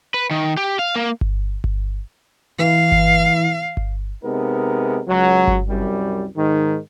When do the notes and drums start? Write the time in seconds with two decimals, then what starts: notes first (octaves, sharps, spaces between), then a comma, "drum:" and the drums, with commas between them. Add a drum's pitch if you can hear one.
0.14 B4
0.31 D#3
0.57 G4
0.79 F5
0.96 A#3
1.21 drum: kick G1
1.64 drum: kick G1
2.59 E3 F5
2.92 drum: kick G1
3.77 drum: kick G1
4.23 C3 G#3 B3 D#4 A#4
5.08 C#2 F#3
5.47 drum: kick G1
5.68 C2 F#2 G3
6.36 G#2 D#3